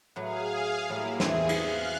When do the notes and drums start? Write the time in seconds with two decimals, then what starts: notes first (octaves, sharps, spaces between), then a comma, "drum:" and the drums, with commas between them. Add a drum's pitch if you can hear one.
0.16 A2 F#3 G#4 B4 F5
0.89 A2 F#3 G3 A#3 E4
1.20 E2 E3 C4 G#4, drum: snare
1.49 drum: cymbal
1.58 G#4 F5 F6 F#6